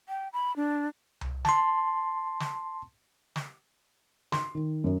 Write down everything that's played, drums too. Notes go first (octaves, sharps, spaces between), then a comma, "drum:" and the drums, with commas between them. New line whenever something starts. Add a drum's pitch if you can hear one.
G5
B5
D4
drum: tom C2
A5 C6, drum: snare
drum: snare
drum: snare
C6, drum: snare
D#3
F#2